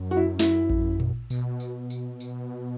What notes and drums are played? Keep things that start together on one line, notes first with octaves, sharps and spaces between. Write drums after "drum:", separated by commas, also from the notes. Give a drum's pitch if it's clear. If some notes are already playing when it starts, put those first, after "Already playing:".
Already playing: F#2
F#4
E4
E4, drum: snare
drum: kick A1
drum: tom A#2
B2, drum: tambourine
drum: tambourine
drum: tambourine
drum: tambourine